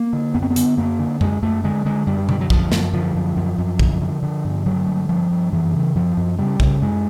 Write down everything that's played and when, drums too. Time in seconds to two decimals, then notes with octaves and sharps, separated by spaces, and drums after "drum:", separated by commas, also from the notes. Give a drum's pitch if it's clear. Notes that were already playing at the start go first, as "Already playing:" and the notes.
Already playing: A#3
0.13 D3
0.34 F#2 B3
0.42 C4
0.50 B3
0.56 D3, drum: hi-hat
0.77 F#2 A#3
0.99 D3
1.21 F#2 G#3, drum: tom F#2
1.42 F#2 A3
1.64 D3 G#3
1.85 D3 G#3
2.07 F#2 G3
2.29 D3 G3, drum: tom B2
2.41 F#3
2.50 F#2 F3, drum: kick
2.72 F#2, drum: snare
2.93 D3 F3
3.15 F#2
3.37 F#2
3.58 F#2
3.79 D3, drum: kick
4.01 D3
4.23 D3
4.45 G2
4.66 D3 F#3
4.88 G2
5.09 G2 F3
5.31 G2
5.52 F#2 E3
5.74 C#3
5.95 F#2 F3
6.17 F#2
6.39 C#3 G3
6.60 C#3, drum: kick
6.82 F#2 G#3